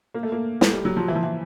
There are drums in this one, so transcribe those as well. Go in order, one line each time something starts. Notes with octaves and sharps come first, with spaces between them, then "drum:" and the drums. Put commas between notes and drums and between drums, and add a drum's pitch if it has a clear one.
A#3
A3
A#3
A3, drum: snare
G3
F#3
F3
E3
F3
E3